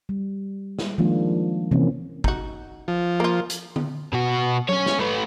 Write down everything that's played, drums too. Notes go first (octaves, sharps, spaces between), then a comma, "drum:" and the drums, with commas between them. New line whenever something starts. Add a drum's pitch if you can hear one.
G3
drum: snare
D#3 F3 G#3 A#3 D4 F4
C3 E3 A#3 C4 C#4
D#4 F#4, drum: kick
F3
A#3 F4
drum: hi-hat
drum: tom D3
B2 F#4
C#4 C#5, drum: tom F#3
drum: snare
A3 B4